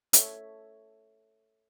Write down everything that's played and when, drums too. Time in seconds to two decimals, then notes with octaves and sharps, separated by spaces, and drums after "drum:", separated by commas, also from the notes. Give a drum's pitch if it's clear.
0.13 A4 C#5 E5, drum: hi-hat